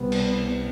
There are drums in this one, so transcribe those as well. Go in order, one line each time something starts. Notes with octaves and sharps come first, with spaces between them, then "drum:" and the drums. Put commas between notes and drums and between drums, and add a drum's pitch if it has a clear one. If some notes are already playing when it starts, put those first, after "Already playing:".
Already playing: C2 C3 G3 B3
drum: cymbal